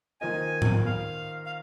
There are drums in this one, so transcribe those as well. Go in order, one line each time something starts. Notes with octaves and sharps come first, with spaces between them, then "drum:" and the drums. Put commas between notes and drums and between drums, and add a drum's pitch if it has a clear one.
D#3 A#3 F4 C5 D#5 G#5
drum: tom A2
F5
F5